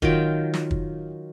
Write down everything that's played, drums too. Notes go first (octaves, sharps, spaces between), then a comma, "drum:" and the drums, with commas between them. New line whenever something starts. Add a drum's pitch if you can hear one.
D#3 F#3 F4 G5, drum: kick
drum: snare
drum: kick